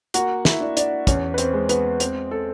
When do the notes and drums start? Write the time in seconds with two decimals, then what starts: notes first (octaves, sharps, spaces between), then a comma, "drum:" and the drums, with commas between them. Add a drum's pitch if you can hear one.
0.14 A#3 F#4 F#5, drum: hi-hat
0.45 E4 E5, drum: snare
0.61 D4
0.77 D4 D5, drum: hi-hat
1.07 E2 C#4 C#5, drum: kick, hi-hat
1.34 B4
1.38 C4 C5, drum: hi-hat
1.53 G#3
1.69 B3 B4, drum: hi-hat
2.00 C4, drum: hi-hat
2.31 A4